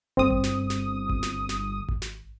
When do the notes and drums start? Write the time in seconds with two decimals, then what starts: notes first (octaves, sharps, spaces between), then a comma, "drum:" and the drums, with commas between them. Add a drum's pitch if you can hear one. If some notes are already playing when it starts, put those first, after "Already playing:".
0.17 G1 C4 D#6
0.30 drum: kick G#1
0.44 drum: snare
0.70 drum: snare
1.09 drum: kick G#1
1.23 drum: snare
1.49 drum: snare
1.89 drum: kick G#1
2.02 drum: snare